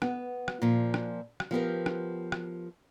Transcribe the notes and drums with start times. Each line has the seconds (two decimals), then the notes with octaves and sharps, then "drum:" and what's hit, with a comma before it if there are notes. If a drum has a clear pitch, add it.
0.02 B3, drum: rim click
0.48 drum: rim click
0.62 A#2 F3
0.94 drum: rim click
1.40 drum: rim click
1.51 F3 B3 G4 A#4
1.86 drum: rim click
2.32 drum: rim click